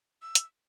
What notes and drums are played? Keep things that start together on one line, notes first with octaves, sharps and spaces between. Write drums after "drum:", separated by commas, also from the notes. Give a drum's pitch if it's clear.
E6
drum: hi-hat